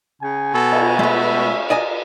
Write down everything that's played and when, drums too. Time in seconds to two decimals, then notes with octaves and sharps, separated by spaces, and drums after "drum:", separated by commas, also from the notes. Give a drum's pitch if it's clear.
0.22 C#3 G#5
0.54 B2 A4
0.72 drum: cymbal
0.99 G#3 A3 E5
1.35 C#4
1.70 A#4 D5 D#5 G#5